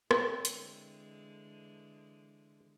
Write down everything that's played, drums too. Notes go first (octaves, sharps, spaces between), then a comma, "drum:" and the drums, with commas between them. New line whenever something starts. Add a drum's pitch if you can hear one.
D3 E3 G#3 C4 C#5, drum: rim click
drum: hi-hat